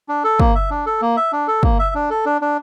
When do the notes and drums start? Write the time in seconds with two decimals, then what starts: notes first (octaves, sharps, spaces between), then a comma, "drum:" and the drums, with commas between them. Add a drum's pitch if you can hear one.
0.09 D4
0.24 A4
0.40 A#3, drum: kick
0.55 E5
0.71 D4
0.86 A4
1.01 A#3
1.17 E5
1.32 D4
1.48 A4
1.63 A#3, drum: kick
1.79 E5
1.95 D4
2.10 A4
2.26 D4
2.42 D4